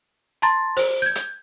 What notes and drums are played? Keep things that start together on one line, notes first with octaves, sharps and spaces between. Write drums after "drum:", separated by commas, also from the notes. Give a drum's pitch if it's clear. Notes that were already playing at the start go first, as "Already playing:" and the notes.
A5 A#5 C6 A6
C5, drum: open hi-hat
G6 G#6
drum: hi-hat